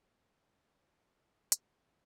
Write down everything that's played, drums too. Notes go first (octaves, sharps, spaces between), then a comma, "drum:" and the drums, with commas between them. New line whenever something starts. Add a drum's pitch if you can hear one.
F3
G3
G#3
G3, drum: hi-hat